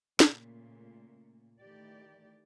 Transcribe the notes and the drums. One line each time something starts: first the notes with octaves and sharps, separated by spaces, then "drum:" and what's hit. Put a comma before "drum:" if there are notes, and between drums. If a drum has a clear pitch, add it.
A#2 C#3 A3, drum: snare
D#3 E3 A3 G4 D5